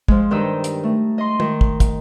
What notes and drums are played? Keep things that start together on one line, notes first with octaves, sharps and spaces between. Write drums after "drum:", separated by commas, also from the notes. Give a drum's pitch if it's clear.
F3 G#3, drum: kick
G2 D#3 D#4 E6
drum: hi-hat
A3
D#5 C6
D#3, drum: tom
drum: kick
drum: kick, hi-hat